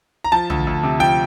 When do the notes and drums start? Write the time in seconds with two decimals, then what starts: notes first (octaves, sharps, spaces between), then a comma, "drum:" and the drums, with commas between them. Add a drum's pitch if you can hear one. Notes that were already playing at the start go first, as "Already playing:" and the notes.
0.24 A#5
0.32 F3 A5
0.50 D2, drum: tom
0.67 D2
0.83 C3
1.00 F3 G5